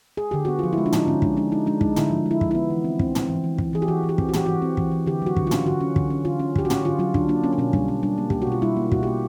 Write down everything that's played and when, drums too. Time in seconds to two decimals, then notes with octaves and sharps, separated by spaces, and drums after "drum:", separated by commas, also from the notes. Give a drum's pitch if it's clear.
0.17 G#4
0.31 D3 G4
0.45 B3 F#4
0.59 F3 F4
0.73 E4
0.78 G#3
0.86 D4
0.93 F3 D#4, drum: tom
1.07 D3 C#4
1.22 G#3 D4, drum: kick
1.37 G#3 D4
1.52 G#3 D#4
1.67 G#3 D4
1.81 G#3 D#4, drum: kick
1.96 D3 E4, drum: tom
2.11 F3
2.26 G#3
2.31 E4
2.41 F3, drum: kick
2.51 B3 E4
2.70 E3
2.84 C4
2.99 C4, drum: kick
3.15 C4, drum: tom
3.29 E3
3.44 E3
3.58 E3, drum: kick
3.73 E3 G#4
3.82 G4
3.88 E3 F#4
4.03 E3
4.09 G4
4.18 C4, drum: kick
4.29 F#4
4.33 E3 G4, drum: tom
4.46 E3 F#4
4.62 C4
4.77 E3, drum: kick
4.92 E3
5.06 D3 G4
5.22 F#3 F#4
5.37 D3, drum: kick
5.47 F4
5.51 C#4, drum: tom
5.66 D3 F#4
5.80 C#4
5.96 D3, drum: kick
6.10 C#4
6.25 D3 F4
6.40 C#4
6.56 D3 G4, drum: kick
6.65 F#4
6.70 C#4, drum: tom
6.85 D3 F4
6.99 F#3 F4
7.14 D3 D4, drum: kick
7.28 A#3 D4
7.44 A#3 C#4
7.53 D4
7.58 B2 C#4
7.73 G3 D4, drum: kick
7.88 C#4
8.03 G3 D4
8.18 A#3
8.30 A#3 G4, drum: kick
8.42 F#4
8.47 B2 F4
8.62 G3 E4
8.77 A#3
8.92 B2 F#4, drum: kick
9.03 A#3 G4